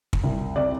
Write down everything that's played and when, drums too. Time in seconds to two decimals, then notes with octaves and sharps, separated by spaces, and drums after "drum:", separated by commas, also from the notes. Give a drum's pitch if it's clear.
0.13 drum: kick
0.24 C2
0.56 C3 D5